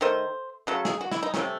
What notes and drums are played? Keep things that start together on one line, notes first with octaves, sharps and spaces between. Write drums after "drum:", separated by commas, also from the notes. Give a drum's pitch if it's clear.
D#3 A3 C5
C#3 F#3 A3 A4
G#4, drum: snare
F#4
E4, drum: snare
D#4
C3 F#3 A3 C#4, drum: snare